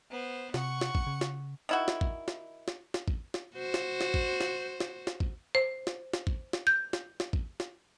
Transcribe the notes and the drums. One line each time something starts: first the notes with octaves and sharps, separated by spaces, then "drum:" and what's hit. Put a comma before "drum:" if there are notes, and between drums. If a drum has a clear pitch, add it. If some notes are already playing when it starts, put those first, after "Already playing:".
B3 C5
C3 F#5 C#6, drum: snare
drum: snare
drum: kick A1
C#3
drum: snare
D#3 E4 F#4
drum: snare
drum: kick A1
drum: snare
drum: snare
drum: snare
drum: kick A1
drum: snare
F#4 C5
drum: snare
drum: snare
drum: kick A1
drum: snare
drum: snare
drum: snare
drum: kick A1
C5
drum: snare
drum: snare
drum: kick A1
drum: snare
G6
drum: snare
drum: snare
drum: kick A1
drum: snare